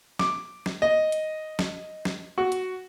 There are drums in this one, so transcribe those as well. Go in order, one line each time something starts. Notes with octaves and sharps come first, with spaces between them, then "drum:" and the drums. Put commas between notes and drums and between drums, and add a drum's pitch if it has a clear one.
D6, drum: snare
drum: snare
D#5
drum: hi-hat
drum: snare
drum: snare
F#4
drum: hi-hat